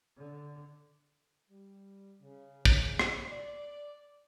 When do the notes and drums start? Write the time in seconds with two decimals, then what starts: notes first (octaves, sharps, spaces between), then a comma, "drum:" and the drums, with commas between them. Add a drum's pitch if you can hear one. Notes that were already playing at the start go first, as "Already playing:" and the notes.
0.17 D3
1.50 G3
2.22 C#3
2.65 C#3, drum: kick
2.99 drum: rim click
3.31 D5